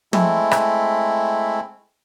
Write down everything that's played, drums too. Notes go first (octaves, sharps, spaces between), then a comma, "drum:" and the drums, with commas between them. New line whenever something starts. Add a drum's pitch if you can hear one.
G#3 A3 C4 E4, drum: tom
drum: rim click